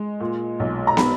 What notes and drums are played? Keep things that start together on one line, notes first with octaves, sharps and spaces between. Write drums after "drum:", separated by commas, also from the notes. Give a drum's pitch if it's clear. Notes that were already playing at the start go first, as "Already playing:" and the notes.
Already playing: G#3
A#2
B1
A#5
B5, drum: snare